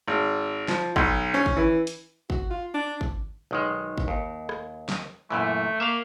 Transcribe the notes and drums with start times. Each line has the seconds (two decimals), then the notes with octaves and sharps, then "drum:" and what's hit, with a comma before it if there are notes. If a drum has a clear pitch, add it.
0.08 G#1
0.68 F3, drum: snare
0.96 B1, drum: kick
1.34 C#4
1.46 drum: kick
1.56 E3
1.87 drum: hi-hat
2.30 F#4, drum: kick
2.50 F4
2.74 D4
3.01 drum: kick
3.51 B1 D#3 G#3
3.98 drum: kick
4.08 D#2
4.49 drum: rim click
4.89 drum: snare
5.30 F#2 A#2 E3 A3
5.80 A#3 E5 F5